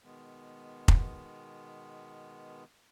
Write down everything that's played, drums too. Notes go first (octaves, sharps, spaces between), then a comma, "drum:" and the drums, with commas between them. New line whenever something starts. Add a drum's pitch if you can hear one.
B2 D#3 G#3 B3
drum: kick F1